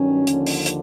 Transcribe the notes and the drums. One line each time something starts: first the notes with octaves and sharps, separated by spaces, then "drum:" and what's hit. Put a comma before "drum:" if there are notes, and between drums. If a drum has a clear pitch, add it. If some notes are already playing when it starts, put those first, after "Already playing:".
Already playing: G2 D#3 F#3 C#4
D#2 D3 F3, drum: hi-hat
drum: open hi-hat
drum: hi-hat